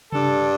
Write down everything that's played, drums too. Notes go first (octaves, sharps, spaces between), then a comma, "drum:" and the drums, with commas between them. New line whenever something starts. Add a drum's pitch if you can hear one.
G2 G3 D4 A4, drum: tom C3